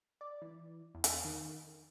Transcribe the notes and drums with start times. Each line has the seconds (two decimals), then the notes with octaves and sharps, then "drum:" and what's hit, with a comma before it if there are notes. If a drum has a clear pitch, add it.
0.21 D5
0.42 E3
0.95 E2
1.04 drum: hi-hat
1.25 D#3